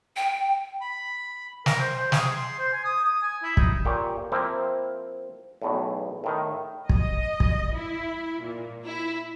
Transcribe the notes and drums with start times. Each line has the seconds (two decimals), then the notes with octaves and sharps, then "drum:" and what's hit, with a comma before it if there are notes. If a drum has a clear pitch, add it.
0.16 G5
0.81 B5
1.66 A#4, drum: snare
1.79 C5
1.96 C5
2.12 G#4, drum: snare
2.37 C6
2.59 C5
2.73 G#5
2.85 D#6
3.04 D#6
3.22 G#5
3.43 E4
3.57 D#4, drum: kick
3.85 A#2 G4 C#5
4.32 F3 A#3 C4 E4 F5
5.62 B1 E2 A2
6.24 A2 D#3
6.89 D#5, drum: kick
7.40 drum: kick
7.75 E4
8.42 A#2
8.86 E4